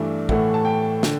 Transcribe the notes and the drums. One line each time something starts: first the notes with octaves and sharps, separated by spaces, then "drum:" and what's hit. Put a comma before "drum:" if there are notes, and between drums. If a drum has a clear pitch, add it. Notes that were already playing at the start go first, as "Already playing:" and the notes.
Already playing: G2 E3 A3 D5
A2 E3 A3 F#5, drum: kick
A5
G5
D3, drum: snare